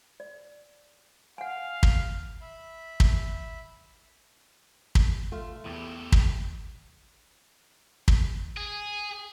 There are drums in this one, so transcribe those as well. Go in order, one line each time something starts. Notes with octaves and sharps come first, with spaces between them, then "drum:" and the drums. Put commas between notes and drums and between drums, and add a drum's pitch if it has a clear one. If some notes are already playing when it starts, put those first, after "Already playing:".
D5
F5 F#5 G#5
drum: kick
E5 B5
drum: kick
drum: kick
A3 F4
E2 A2 G4
drum: kick
drum: kick
G#4